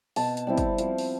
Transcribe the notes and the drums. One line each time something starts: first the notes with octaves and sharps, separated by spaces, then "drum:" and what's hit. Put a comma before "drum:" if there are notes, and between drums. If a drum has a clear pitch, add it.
B2 A5, drum: open hi-hat
drum: hi-hat
G3 C4 E4
drum: kick, hi-hat
F3, drum: hi-hat
drum: open hi-hat